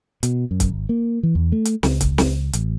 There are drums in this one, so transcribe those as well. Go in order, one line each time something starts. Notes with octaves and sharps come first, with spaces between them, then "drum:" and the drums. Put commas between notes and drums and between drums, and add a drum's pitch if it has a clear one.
B2, drum: hi-hat
F#2
drum: kick, hi-hat
G#1
A#3
E3
E2
A3
drum: hi-hat
C#2, drum: snare
drum: kick, hi-hat
drum: snare
A1, drum: hi-hat